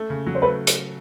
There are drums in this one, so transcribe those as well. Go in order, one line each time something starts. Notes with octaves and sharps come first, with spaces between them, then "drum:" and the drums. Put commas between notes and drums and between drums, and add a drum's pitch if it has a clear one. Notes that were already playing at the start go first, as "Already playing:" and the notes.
Already playing: A3
C#3
F#3
C5
A3 B4
drum: hi-hat